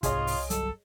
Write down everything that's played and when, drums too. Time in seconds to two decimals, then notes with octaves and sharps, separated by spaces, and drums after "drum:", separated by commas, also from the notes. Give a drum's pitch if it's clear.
0.03 C2 G#2 C3 F4 G#4 C#5 D#5, drum: kick, hi-hat
0.27 drum: open hi-hat
0.50 G1 F#3 G3 A4, drum: hi-hat